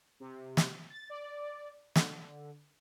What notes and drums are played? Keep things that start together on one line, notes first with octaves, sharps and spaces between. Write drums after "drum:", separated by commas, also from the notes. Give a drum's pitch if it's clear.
C3
drum: snare
A6
D5
D3, drum: snare